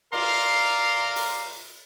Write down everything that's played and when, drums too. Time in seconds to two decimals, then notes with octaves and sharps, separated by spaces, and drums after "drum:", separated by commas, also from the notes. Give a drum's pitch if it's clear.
0.13 A#4 D5 F5 A#5 C6, drum: cymbal
1.16 drum: open hi-hat